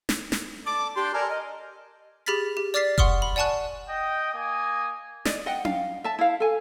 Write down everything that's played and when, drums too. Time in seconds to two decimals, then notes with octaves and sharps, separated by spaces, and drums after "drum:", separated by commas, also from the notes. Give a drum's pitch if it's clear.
0.09 drum: snare
0.32 drum: snare
0.66 A4 D5 D6
0.96 D4 G4 G5 C6
1.14 A4 A#4 D5 G#5
1.29 A#4 D#5
2.26 G4 G#4 B5 F6 A6 B6
2.57 G4
2.74 D5 D6 F6 A6 B6 C7
2.98 F#5 C6 C#6 D#6 F6, drum: kick F1
3.22 B5
3.36 D5 F#5 G#5 A5 C#6 F#6
3.87 D#5 G5
4.31 A#3 G#5 D#6
5.25 D5 D#5, drum: snare
5.46 D#5 F#5 G5
5.65 F5, drum: tom C#4
6.04 E5 A5
6.19 E4 F5
6.40 A4 G#5